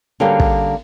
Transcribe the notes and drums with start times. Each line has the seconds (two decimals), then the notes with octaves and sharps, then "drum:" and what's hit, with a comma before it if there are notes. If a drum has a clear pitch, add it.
0.20 D3 G3 A#3 C#4 G4 G#4
0.40 drum: kick